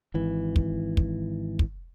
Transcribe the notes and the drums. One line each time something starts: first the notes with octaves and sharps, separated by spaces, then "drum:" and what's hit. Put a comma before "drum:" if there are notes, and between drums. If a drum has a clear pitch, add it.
G#1 E3
drum: kick
drum: kick
drum: kick